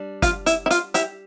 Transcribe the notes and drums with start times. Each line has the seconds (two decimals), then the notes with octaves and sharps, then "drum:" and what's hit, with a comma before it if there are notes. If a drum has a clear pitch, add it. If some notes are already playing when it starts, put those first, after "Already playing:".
Already playing: G3 D4
0.22 F4, drum: kick, hi-hat
0.46 E4, drum: hi-hat
0.66 E4
0.71 F4, drum: hi-hat
0.94 E4 G4, drum: hi-hat